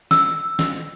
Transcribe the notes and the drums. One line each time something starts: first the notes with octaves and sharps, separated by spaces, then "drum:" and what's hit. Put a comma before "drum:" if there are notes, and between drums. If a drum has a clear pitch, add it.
E6, drum: snare
drum: snare